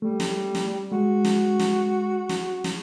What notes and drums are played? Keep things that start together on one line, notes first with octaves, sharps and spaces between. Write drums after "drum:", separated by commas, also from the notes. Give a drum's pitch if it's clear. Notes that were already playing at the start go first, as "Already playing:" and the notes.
G3 A3
drum: snare
drum: snare
G#3 F#4
drum: snare
drum: snare
drum: snare
drum: snare